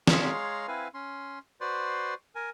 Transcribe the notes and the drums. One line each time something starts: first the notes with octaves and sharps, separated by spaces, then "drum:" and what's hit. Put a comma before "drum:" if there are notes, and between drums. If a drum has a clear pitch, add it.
G#3 G#4 C#5 F5 A#5 C6, drum: snare
C4 E4 B4 F5 G#5
C#4 C6
F#4 B4 C5 D5 C6
A#4 G#5